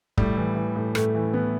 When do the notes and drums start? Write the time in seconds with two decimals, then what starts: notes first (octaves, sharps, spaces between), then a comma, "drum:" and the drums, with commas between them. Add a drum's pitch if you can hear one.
0.18 A2 G3, drum: kick
0.37 E3
0.56 E3
0.76 A2
0.95 A2 A3, drum: rim click
1.14 E3
1.33 E3 B3